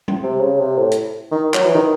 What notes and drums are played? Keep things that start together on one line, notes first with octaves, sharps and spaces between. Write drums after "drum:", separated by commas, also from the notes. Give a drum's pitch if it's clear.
drum: tom G3
C3
C#3
C3
A2
drum: hi-hat
D#3
F#3, drum: clap
E3
D#3